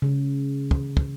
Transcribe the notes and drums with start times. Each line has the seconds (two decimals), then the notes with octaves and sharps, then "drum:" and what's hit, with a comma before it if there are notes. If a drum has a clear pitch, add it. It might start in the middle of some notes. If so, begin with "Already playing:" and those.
0.02 C#3
0.71 drum: kick
0.97 drum: kick